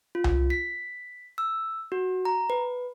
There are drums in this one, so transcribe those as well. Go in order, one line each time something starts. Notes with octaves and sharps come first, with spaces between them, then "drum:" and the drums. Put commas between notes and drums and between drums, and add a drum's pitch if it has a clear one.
F4
drum: tom C2
B6
E6
F#4
A#5
B4